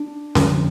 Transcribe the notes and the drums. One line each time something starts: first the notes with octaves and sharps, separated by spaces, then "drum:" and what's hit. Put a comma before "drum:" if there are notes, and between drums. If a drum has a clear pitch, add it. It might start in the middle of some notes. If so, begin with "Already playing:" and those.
Already playing: D4
F2 D3, drum: snare C#4